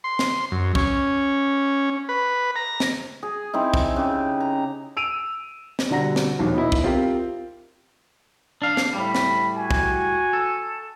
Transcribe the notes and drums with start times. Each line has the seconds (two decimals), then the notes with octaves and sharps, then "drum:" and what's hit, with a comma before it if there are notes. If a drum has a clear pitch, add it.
0.04 C6
0.19 drum: snare
0.52 F#2
0.75 C#4, drum: kick
2.09 B4
2.56 A#5
2.80 drum: snare
3.23 G#4
3.54 C4 D#4 E4
3.74 drum: kick
3.96 C#3 G4
4.40 A#5
4.97 E6 D7 D#7 F7
5.79 drum: snare
5.90 B2 D3 G3 F#5 A#5 A#6
6.16 drum: snare
6.39 A#1 D#2 B2
6.54 B3 D#4 E4
6.72 drum: kick
6.84 C4 F4 G4 A#4
8.62 D4 F5
8.77 drum: snare
8.93 A2 G3 B5
9.15 drum: snare
9.55 F#4 G#5
9.71 drum: kick
10.33 A4